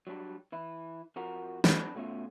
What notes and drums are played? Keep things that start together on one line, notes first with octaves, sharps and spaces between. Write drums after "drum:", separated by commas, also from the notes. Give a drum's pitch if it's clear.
F#3 G3 B3 D4
E3 E4
F2 F3 F#4 A#4
C4 D4 B4, drum: snare
B2 A3 C#4 F4 E5